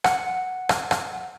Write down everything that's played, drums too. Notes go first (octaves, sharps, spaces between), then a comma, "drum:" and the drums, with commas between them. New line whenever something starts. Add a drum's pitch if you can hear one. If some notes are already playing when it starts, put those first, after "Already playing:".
F#5, drum: rim click
drum: rim click
drum: rim click